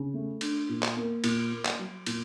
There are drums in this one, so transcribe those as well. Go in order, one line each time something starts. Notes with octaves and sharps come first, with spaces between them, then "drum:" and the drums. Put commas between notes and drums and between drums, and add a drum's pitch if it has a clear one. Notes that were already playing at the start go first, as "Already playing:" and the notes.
Already playing: C#3
A3
D4, drum: cymbal
A#2
drum: clap
A#3
A#2, drum: cymbal
A#3
drum: clap
F#3
A#2, drum: cymbal